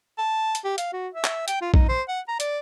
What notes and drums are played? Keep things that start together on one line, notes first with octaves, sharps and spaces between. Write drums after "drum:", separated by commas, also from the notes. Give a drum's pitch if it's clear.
A5
drum: hi-hat
G4
F5, drum: hi-hat
F#4
E5
drum: clap
G5, drum: hi-hat
F4
D#4, drum: kick A#1
C5
F#5
A#5
D5, drum: hi-hat